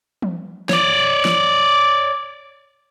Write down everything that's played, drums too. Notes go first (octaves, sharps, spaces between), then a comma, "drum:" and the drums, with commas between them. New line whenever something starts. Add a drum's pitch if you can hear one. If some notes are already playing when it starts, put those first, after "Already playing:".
drum: tom E3
C#5 D5, drum: snare
drum: snare